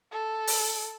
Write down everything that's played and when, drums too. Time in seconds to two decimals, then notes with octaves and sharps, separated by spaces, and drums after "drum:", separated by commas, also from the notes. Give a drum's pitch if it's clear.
0.12 A4
0.47 drum: open hi-hat